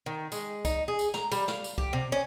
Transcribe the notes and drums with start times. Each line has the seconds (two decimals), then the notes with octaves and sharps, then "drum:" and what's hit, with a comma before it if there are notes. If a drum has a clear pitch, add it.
0.06 D#3
0.32 G#3, drum: tambourine
0.65 D#4, drum: kick, tambourine
0.88 G#4
0.99 drum: tambourine
1.14 A#5, drum: snare
1.32 G3, drum: tambourine
1.48 F5, drum: snare
1.64 drum: tambourine
1.78 G4, drum: kick
1.93 C3
2.12 C#4